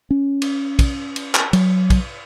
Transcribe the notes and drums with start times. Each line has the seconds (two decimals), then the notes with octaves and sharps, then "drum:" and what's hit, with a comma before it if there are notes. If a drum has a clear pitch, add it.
0.11 C#4
0.42 drum: cymbal
0.79 drum: kick, cymbal
1.16 drum: cymbal
1.35 drum: clap
1.53 F#3, drum: cymbal
1.90 drum: kick, cymbal